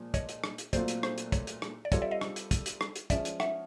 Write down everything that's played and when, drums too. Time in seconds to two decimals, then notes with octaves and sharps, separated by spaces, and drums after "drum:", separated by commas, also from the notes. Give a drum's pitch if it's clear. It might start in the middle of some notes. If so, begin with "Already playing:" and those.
Already playing: A#2 F3 G#3
0.14 C#5 D#5, drum: kick, hi-hat
0.29 drum: hi-hat
0.44 drum: rim click
0.58 drum: hi-hat
0.73 A#2 F#3 A3 C4 F4 C5 D5, drum: kick, hi-hat
0.88 drum: hi-hat
1.03 C5, drum: rim click
1.18 drum: hi-hat
1.32 C#5, drum: kick, hi-hat
1.47 drum: hi-hat
1.62 drum: rim click
1.85 D5
1.92 G3 C4 F4 A4 C#5 D#5, drum: kick, hi-hat
2.02 D5 E5
2.11 D#5 F5
2.21 drum: rim click
2.36 drum: hi-hat
2.51 drum: kick, hi-hat
2.66 drum: hi-hat
2.81 drum: rim click
2.96 drum: hi-hat
3.10 F3 G#3 C#4 D5 E5, drum: kick, hi-hat
3.25 drum: hi-hat
3.40 E5 F#5, drum: rim click